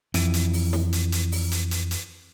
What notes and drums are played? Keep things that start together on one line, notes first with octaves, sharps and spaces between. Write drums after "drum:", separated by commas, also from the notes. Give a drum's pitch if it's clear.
F2 E3, drum: hi-hat
drum: hi-hat
drum: open hi-hat
drum: snare
drum: hi-hat
drum: hi-hat
drum: open hi-hat
drum: hi-hat
drum: hi-hat
drum: hi-hat